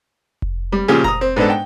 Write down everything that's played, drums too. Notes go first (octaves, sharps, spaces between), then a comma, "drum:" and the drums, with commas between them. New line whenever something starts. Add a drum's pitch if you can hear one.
drum: kick F1
G3
A#2 C#3 F3 G4 G#4
A#5 D#6, drum: kick F1
C4
G#2 B3 D4 A4
G5